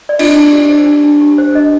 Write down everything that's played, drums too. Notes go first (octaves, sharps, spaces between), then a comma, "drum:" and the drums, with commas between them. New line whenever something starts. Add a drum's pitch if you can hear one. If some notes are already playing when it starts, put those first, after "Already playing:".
D5
D4 D#5, drum: cymbal
D4
G4
C5
D4
D4
G4
C5
D4 D#5